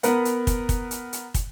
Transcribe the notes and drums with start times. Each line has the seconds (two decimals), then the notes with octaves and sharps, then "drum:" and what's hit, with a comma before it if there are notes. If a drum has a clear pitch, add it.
0.03 B3 A#4 B4 F#5, drum: hi-hat
0.25 drum: hi-hat
0.47 drum: kick, hi-hat
0.69 drum: kick, hi-hat
0.91 drum: hi-hat
1.13 drum: hi-hat
1.34 drum: kick, hi-hat